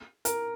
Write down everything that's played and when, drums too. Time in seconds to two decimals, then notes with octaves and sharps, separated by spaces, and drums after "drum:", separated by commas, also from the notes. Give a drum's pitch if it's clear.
0.25 A#4, drum: hi-hat